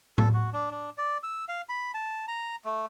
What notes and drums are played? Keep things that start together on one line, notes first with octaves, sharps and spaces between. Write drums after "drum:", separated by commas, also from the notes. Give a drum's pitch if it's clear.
A4, drum: tom A2
F#4
D4
D4
D5
E6
F5
B5
A5
A#5
A3